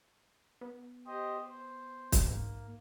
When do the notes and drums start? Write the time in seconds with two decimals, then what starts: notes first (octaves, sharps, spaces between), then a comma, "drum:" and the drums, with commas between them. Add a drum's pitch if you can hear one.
0.61 B3
1.07 G4 C5 D#5
1.48 C5
2.12 drum: kick, hi-hat
2.27 G#2 A#3